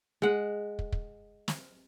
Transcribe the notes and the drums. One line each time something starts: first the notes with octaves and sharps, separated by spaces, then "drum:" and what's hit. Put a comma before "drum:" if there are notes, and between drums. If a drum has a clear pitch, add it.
G#3 F#5
drum: kick
drum: kick
drum: snare